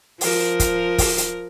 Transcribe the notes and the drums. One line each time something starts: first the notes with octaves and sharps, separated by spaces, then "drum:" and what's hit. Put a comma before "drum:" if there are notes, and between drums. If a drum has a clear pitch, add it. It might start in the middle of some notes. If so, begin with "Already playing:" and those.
F3 A#4, drum: open hi-hat
drum: kick, hi-hat
drum: kick, open hi-hat
drum: hi-hat